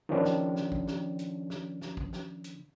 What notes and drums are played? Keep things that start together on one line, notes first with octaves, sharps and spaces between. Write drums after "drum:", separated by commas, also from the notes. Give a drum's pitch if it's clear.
D#3 F3 C#4 D4
drum: snare
drum: snare
drum: kick
drum: snare
drum: hi-hat
drum: snare
drum: snare
drum: kick
drum: snare
drum: hi-hat